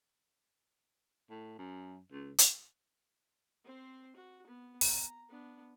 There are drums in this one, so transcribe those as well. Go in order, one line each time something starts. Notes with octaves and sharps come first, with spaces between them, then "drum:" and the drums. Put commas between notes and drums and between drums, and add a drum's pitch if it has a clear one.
A2
F#2
C#2
drum: hi-hat
C4 C5
F#4
B3
A#5, drum: open hi-hat
B3 D4